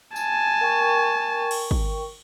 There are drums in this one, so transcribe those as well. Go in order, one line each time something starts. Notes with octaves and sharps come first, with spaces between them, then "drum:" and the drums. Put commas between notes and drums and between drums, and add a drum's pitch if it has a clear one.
G#5 A5, drum: tambourine
A#4 G5 C#6
drum: cymbal
drum: kick